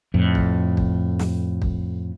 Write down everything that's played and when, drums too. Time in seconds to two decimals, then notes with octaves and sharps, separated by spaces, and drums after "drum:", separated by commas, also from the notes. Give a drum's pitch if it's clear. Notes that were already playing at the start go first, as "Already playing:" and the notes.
0.14 F2 A2
0.35 drum: kick
0.77 drum: kick
1.19 drum: snare
1.62 drum: kick